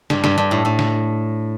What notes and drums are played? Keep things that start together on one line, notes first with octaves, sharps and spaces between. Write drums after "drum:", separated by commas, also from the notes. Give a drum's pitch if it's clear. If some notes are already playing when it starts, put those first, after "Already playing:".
G2, drum: snare
G2, drum: snare
G2
A2
A2
drum: snare